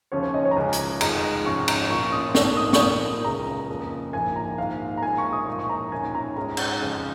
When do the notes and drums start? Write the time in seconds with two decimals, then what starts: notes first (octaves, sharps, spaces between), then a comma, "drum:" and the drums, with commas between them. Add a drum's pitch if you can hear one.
0.12 D#2 C#3 F3 C#4 C#5
0.23 C#5
0.34 D#5
0.45 C#5
0.51 A#5
0.56 C#2 C#3 G#3 G#5
0.73 drum: hi-hat
1.01 F1 F2 D#3 G#3 F4 A#5, drum: cymbal
1.45 G#2 F3 C#4 F4 C#6
1.68 A#5, drum: cymbal
1.90 A#2 F3 C#4 F4 C#6
2.12 D#6
2.35 A#1 G#2 F3 A#3 D#4 C#6, drum: snare
2.57 D#6
2.73 C#6, drum: snare
2.79 A#2 A#3 D#4 D#6
3.24 C#2 C#3 G#3 F4 A#5
3.69 F2 C#3 A#3 F4
4.13 A#1 G#2 F3 A#3 G#5
4.36 A#5
4.58 G#2 D#3 A#3 D#4 F5
4.97 A#5
5.02 A#1 A#2 G#3 D#4 G#5
5.18 C#6
5.33 D#6
5.47 A#2 F3 G#3 D#4 C#6
5.59 C#6
5.69 A#5
5.92 D#2 D#3 C#4 F4 G#5
6.15 A#5
6.36 G#2 G#3 C#4 F4 A#5
6.57 drum: cymbal
6.81 F2 C#3 G#3 F4